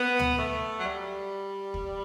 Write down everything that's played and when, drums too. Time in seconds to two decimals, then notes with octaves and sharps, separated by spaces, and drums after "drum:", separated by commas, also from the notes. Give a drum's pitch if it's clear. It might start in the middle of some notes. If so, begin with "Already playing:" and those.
Already playing: B3
0.19 drum: tom
0.39 A3
0.79 F#3
0.84 G3
1.74 drum: kick